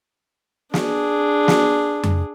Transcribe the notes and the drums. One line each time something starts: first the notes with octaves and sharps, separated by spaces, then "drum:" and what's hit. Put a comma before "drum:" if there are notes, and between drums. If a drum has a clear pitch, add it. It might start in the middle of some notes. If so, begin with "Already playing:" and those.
D4 G#4, drum: snare
drum: snare
drum: tom F2